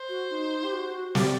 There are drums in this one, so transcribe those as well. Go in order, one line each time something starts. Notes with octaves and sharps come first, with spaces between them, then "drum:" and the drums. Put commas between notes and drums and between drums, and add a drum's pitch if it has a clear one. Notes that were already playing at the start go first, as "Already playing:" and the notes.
Already playing: C5
F#4
D#4
G4
F#4
G4 D5, drum: snare